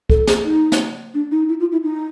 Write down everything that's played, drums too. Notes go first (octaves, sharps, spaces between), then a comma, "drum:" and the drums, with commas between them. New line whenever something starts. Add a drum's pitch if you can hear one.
A4, drum: kick
G#4, drum: snare
D#4
drum: snare
D4
D#4
E4
F4
E4
D#4